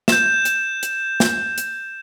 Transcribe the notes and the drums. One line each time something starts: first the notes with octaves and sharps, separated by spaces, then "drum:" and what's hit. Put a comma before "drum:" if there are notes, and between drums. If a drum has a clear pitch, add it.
G6 E7, drum: snare
drum: hi-hat
drum: hi-hat
drum: snare
drum: hi-hat